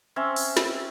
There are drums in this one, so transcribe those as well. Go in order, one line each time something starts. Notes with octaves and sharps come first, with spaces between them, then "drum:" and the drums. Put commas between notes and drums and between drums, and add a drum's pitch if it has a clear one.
C4 C#4 E5
drum: open hi-hat
drum: snare